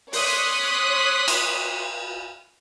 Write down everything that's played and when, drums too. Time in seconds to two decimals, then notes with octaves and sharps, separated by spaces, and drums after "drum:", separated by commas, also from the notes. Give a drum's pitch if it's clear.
0.13 C#5 C6 D6 D#6 F#6 B6, drum: open hi-hat
1.28 drum: cymbal